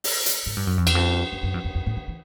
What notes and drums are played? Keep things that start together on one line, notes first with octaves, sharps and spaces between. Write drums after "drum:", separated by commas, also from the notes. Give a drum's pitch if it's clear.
drum: open hi-hat
drum: hi-hat
G#2
G2
F#2
F2
E2, drum: cymbal
F2
F#2
F#2
F2
F2
F2
A2
D#3
E3